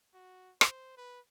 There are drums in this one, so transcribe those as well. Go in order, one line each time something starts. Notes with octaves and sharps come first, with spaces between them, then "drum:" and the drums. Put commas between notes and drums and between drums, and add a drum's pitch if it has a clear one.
F#4
C5, drum: rim click
B4